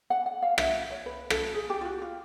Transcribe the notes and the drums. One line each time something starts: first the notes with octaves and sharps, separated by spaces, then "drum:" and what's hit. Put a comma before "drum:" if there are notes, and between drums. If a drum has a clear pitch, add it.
F#5
F#5
F5
E5, drum: rim click
C#5
B4
A4, drum: rim click
G#4
G4
F4
F#4
F4